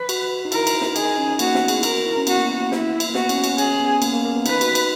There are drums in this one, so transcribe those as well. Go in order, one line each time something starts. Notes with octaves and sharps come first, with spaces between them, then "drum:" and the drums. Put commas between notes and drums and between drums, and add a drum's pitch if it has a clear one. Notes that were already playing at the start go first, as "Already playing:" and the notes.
Already playing: B4
F#4, drum: cymbal
D#4
E4 A#4, drum: cymbal
drum: cymbal
drum: snare
D#4 G#4, drum: cymbal
C#4
A#3 F#4, drum: cymbal
B3, drum: snare
G#4, drum: cymbal
E4
F#4 A#4, drum: cymbal
F#4
E4
C#4
B3 F#4, drum: cymbal
A#3
B3
A#3
E4, drum: snare
drum: cymbal
A#3
B3 F#4, drum: snare
C#4, drum: cymbal
C#4, drum: cymbal
C#4 G#4, drum: cymbal
B3
A#3, drum: cymbal
A#3
A#3
B3
D#4 B4, drum: cymbal
F#4, drum: cymbal
drum: cymbal